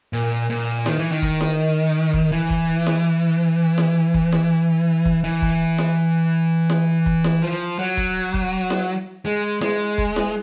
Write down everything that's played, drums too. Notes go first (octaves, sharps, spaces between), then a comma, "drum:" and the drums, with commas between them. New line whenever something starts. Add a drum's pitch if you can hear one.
A#2
A#2
D#3, drum: snare E4
E3
D#3
drum: kick
drum: snare E4
drum: kick
E3
drum: kick
drum: snare E4
drum: snare E4
drum: kick
drum: snare E4
drum: kick
E3
drum: kick
drum: snare E4
drum: snare E4
drum: kick
drum: snare E4
F3
F#3
drum: kick
drum: kick
drum: snare E4
G#3
G#3, drum: snare E4
drum: kick
drum: snare E4